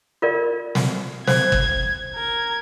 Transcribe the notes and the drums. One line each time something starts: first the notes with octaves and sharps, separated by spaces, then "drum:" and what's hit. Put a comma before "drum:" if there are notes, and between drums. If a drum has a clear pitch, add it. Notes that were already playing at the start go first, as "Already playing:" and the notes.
F4 A#4 D5
drum: snare
C5 G#6, drum: snare
drum: kick
A#4 G#6